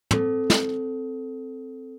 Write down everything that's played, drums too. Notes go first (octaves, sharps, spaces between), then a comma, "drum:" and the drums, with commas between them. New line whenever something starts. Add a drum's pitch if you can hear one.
C4 A4, drum: tom
drum: snare